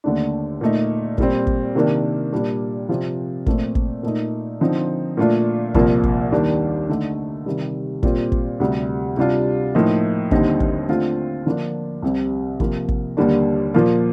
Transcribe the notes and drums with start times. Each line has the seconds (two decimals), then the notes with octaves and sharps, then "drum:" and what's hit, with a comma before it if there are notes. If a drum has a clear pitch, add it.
0.04 D#2 D3 A3 D4
0.61 A#2 A3 D#4
1.18 A#2 G3 C4, drum: kick
1.47 drum: kick
1.75 C3 D#3 A#3 D4
2.33 A#2 G3 D4
2.89 C3 F3 C4 F4
3.46 A#2 A3 C4, drum: kick
3.75 drum: kick
4.03 A#2 A3 D#4
4.61 D3 F3 C4 D#4
5.17 A#2 A3 D4 F4
5.74 C2 A#2 F3 A#3 F4, drum: kick
6.03 drum: kick
6.32 D#2 D#3 G3 D4
6.89 D3 A3 D#4
7.46 C3 D#3 G3
8.03 A#2 G3 C4 F4, drum: kick
8.32 drum: kick
8.60 D2 C3 G3
9.17 C3 G3 D4 F4
9.75 A2 F3 A#3 D#4
10.31 D#2 D3 G3 C4 D#4, drum: kick
10.60 drum: kick
10.89 D3 A3 C4 F4
11.46 D3 F3 A#3 D4
12.02 C2 C3 G3 C4
12.60 C3 F3 A#3, drum: kick
12.89 drum: kick
13.17 D#2 D3 G3 A#3 D4
13.74 A#2 F3 A#3 F4